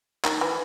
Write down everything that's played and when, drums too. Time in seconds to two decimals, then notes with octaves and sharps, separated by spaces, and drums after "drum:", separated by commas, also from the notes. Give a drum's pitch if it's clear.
0.24 D#3, drum: clap
0.41 E3